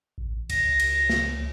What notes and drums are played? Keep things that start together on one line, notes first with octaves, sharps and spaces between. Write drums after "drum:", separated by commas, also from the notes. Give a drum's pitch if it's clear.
A1
C#2 A#6, drum: cymbal
drum: cymbal
drum: snare